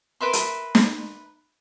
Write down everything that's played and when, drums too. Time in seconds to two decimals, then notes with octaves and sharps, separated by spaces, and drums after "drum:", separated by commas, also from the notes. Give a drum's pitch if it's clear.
0.21 A#4 B4 E5 C6
0.33 drum: hi-hat
0.75 drum: snare